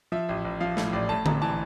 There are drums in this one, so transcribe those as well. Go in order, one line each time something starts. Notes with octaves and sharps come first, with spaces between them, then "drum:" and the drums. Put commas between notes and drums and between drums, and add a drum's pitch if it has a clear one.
F3 E5
A1
A1
F3 F5
A2, drum: snare
A1 D5
A2 A5
A#1 A#5, drum: tom D3
E3 A5